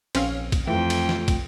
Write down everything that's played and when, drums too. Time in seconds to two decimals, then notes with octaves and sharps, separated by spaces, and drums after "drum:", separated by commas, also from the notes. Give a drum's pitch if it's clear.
0.15 A#1 C4 C#4 F5, drum: cymbal
0.52 drum: kick, cymbal
0.67 F2 E3 A3 F4 G5
0.90 drum: cymbal
1.09 drum: snare
1.28 drum: kick, cymbal